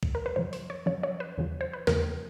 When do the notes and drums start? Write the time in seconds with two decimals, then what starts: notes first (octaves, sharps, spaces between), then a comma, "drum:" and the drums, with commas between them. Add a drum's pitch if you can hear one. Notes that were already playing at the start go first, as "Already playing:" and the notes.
0.03 drum: kick
0.15 A#4
0.26 B4
0.36 F#2 C#3 F3 C5
0.53 C5, drum: open hi-hat
0.70 C#5
0.86 F#2 C#3 F3 C#5
1.03 C#5
1.20 B4
1.38 E2 C#3 F3
1.61 C5
1.73 B4
1.87 E2 C#3 F3 A#4, drum: snare